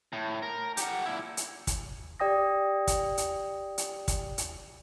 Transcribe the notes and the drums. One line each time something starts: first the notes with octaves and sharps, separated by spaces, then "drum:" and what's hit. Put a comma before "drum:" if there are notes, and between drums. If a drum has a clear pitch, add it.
A2
A#4
G4 F#5, drum: hi-hat
A#2 E4
drum: hi-hat
drum: kick, hi-hat
G4 D5 G5 D#6 A#6
drum: kick, hi-hat
drum: hi-hat
drum: hi-hat
drum: kick, hi-hat
drum: hi-hat